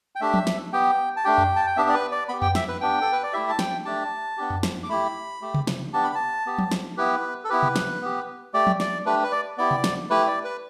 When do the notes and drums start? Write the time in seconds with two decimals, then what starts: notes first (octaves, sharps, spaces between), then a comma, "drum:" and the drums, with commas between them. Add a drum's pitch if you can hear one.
0.15 G5
0.21 A3 D4 G4 E5
0.34 drum: tom F3
0.47 drum: snare
0.73 B3 G4 G5
1.17 A5
1.25 A3 D4 G4 G5
1.38 drum: tom F2
1.56 A5
1.67 G5
1.77 B3 D4 G4 E5
1.89 D5
1.94 B4
2.11 D5
2.29 B3 G4 B5
2.42 G5, drum: tom F2
2.55 E5, drum: snare
2.68 B4
2.81 B3 D4 G4 G5
3.01 A4
3.12 B4
3.23 D5
3.33 A3 E4 G4 E5
3.49 A5
3.59 G5, drum: snare
3.85 A3 D4 G4 A5
4.37 B3 D4 G4
4.50 drum: tom F2
4.63 drum: snare
4.83 D6
4.89 A3 E4 G4 B5
5.42 A3 G4
5.54 drum: tom C3
5.67 drum: snare
5.93 B3 D4 G4 A5
6.04 B5
6.15 A5
6.46 B3 G4
6.59 drum: tom F3
6.72 drum: snare
6.97 B3 E4 G4 B4
7.45 A4
7.49 B3 E4 G4 B4
7.63 drum: tom C3
7.76 drum: snare
8.02 B3 G4
8.54 A3 G4 D5
8.67 drum: tom F3
8.80 D5, drum: snare
9.06 A3 D4 G4 B4
9.23 B4
9.32 D5
9.58 B3 E4 G4 D5
9.71 drum: tom C3
9.84 drum: snare
10.10 A3 E4 G4 B4
10.27 D5
10.45 B4